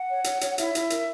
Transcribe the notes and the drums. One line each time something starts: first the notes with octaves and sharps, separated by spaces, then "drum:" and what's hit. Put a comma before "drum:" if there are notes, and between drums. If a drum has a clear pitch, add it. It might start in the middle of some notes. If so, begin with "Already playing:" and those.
Already playing: F#5
C#5
C#5, drum: hi-hat
C#5, drum: hi-hat
E4 E5, drum: hi-hat
E4, drum: hi-hat
A#4, drum: hi-hat